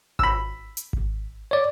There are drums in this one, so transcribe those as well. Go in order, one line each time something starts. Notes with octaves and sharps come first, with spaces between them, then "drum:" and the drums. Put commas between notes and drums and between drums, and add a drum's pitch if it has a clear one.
B5 E6, drum: kick G#1
drum: hi-hat
drum: kick G#1
C#5 D5